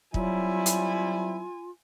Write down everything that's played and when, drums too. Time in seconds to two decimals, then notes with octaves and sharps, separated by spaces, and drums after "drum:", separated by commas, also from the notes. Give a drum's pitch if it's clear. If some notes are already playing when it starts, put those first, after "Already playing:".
0.14 F#3 G3 C4 E4 F4 G#5, drum: kick
0.66 drum: hi-hat